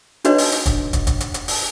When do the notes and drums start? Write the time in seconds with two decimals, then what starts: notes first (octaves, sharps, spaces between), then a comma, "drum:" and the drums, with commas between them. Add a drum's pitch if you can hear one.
0.25 D4 D#4 F#4 B4 C#5 D#5, drum: hi-hat
0.38 drum: open hi-hat
0.52 drum: hi-hat
0.66 drum: kick, hi-hat
0.93 drum: kick, hi-hat
1.07 drum: kick, hi-hat
1.20 drum: hi-hat
1.34 drum: hi-hat
1.48 drum: open hi-hat